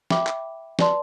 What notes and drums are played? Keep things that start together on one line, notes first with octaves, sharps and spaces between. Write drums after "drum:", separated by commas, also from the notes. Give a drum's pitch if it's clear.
E5 G5 B5 D6, drum: snare
drum: clap
B4 D5 A5 C6, drum: snare